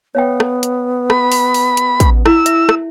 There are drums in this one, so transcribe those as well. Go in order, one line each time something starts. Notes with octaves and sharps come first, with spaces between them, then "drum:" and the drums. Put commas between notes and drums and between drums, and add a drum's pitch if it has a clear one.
B3 C#5 F5 G5
drum: rim click
drum: hi-hat
B5, drum: rim click
drum: open hi-hat
drum: open hi-hat
drum: hi-hat
drum: kick, hi-hat
E4 E6, drum: rim click
E5, drum: hi-hat
drum: rim click